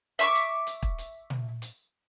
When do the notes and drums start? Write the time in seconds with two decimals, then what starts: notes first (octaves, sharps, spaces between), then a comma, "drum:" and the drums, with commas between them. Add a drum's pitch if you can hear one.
0.19 E5 C#6 D6
0.35 drum: hi-hat
0.67 drum: hi-hat
0.83 drum: kick
0.98 drum: hi-hat
1.30 drum: tom
1.62 drum: hi-hat